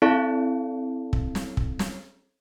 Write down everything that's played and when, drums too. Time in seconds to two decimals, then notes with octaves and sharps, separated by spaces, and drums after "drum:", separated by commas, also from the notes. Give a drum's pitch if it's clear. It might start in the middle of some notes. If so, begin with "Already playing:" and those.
0.02 C4 E4 A4 D5 F5 A5
1.13 drum: kick
1.35 drum: snare
1.57 drum: kick
1.79 drum: snare